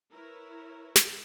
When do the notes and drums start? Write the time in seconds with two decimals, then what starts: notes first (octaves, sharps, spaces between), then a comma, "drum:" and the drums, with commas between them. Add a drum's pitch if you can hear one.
0.12 E4 A#4 B4 C#5
0.96 drum: snare